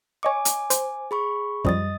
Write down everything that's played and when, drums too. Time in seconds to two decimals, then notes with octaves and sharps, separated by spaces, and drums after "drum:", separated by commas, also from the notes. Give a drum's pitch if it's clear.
0.23 C#5 D#5 G#5 C#6 D6
0.45 drum: hi-hat
0.70 C5, drum: hi-hat
1.11 G#4 B5 C#6
1.65 F#2 F3 G3 D#5 D#6 A6, drum: kick